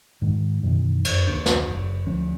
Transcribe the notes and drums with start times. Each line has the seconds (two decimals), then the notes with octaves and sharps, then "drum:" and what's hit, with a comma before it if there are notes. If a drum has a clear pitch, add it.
0.22 G#2 D#3
0.63 F#2 B2 D#3 E3
1.05 F#2, drum: cymbal
1.27 D#2 D4
1.46 drum: snare
1.70 F#1
2.06 D2 F3 C#4